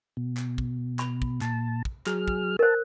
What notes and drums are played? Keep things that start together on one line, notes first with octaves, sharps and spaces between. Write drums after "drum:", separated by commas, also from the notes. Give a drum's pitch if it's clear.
B2
drum: clap
drum: kick
B5, drum: clap
drum: kick
A#2 A5, drum: clap
drum: kick
F#3 G#4 F6, drum: clap
drum: kick
A#4 C5 A5